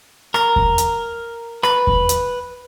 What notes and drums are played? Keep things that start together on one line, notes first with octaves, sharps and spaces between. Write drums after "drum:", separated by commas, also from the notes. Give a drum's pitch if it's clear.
A#4, drum: rim click
drum: kick E2
drum: hi-hat
B4, drum: rim click
drum: kick E2
drum: hi-hat